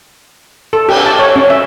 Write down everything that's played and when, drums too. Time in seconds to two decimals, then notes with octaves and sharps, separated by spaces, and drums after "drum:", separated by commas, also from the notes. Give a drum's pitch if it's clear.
0.73 A4
0.89 G4, drum: cymbal
1.06 A5
1.19 C#5
1.36 C#4
1.50 E5